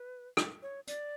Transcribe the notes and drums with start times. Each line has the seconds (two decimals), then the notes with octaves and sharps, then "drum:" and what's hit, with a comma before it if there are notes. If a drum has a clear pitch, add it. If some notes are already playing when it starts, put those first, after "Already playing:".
Already playing: B4
0.37 drum: rim click
0.62 C#5
0.87 D5, drum: hi-hat